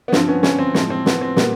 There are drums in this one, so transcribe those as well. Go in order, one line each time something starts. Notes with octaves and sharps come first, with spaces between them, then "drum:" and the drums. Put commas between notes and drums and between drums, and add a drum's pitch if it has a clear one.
B3
G2 D3 F3 C4, drum: snare
B3 C#4
B3 C#4, drum: snare
C4
A2 F3 G#3 C4, drum: snare
C4
B3, drum: snare
C4
A#2 G3 A#3 B3, drum: snare